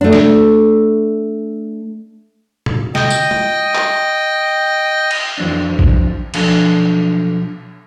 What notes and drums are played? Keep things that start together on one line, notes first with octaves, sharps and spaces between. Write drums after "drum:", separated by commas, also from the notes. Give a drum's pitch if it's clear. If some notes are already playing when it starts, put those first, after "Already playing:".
A3 D4
drum: snare
drum: tom A2
D#5 G5, drum: snare
drum: tambourine
drum: tom
drum: clap
drum: cymbal
F2 E3 F#3 C4 D4
drum: kick A#1
B1 F3 F#3 D4 A4 G#5, drum: cymbal